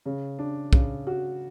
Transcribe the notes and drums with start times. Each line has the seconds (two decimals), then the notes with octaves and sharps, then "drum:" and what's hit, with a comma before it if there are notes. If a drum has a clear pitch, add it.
0.06 C#3
0.39 D4
0.73 C#3, drum: kick B1
1.07 F#4